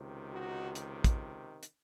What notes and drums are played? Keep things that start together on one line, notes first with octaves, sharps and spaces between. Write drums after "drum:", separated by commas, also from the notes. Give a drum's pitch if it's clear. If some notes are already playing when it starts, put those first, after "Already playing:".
Already playing: C#2 C3 D#3
D#4 F#4
drum: hi-hat
drum: kick, hi-hat
drum: hi-hat